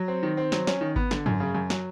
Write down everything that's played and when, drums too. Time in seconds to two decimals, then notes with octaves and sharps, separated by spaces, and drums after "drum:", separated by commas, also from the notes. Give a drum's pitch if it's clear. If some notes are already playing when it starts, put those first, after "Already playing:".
Already playing: F#3
0.08 C4
0.23 D#3
0.37 C4
0.52 F#3, drum: snare
0.67 C#4, drum: snare
0.81 D#3
0.96 B3, drum: kick G#1
1.11 D3, drum: snare
1.26 F#2, drum: tom
1.40 C#3
1.54 F#2
1.70 F#3, drum: snare